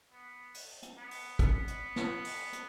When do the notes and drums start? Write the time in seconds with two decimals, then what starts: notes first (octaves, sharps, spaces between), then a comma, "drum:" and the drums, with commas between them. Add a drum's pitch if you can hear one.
0.12 B3
0.54 drum: open hi-hat
0.83 drum: hi-hat
0.97 B3
1.11 drum: open hi-hat
1.39 B3, drum: kick, hi-hat
1.68 drum: hi-hat
1.96 drum: snare
2.24 drum: open hi-hat
2.53 drum: hi-hat